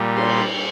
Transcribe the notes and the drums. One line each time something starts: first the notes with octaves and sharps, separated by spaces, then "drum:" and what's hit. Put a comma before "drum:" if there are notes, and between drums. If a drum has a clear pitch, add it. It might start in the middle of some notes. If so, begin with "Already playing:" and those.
Already playing: A#2 G3
C6, drum: cymbal